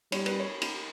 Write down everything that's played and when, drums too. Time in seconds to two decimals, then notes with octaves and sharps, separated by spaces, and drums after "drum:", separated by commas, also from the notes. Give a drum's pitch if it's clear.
0.12 G3 C#5, drum: cymbal
0.26 B4, drum: cymbal
0.40 C#5
0.62 drum: cymbal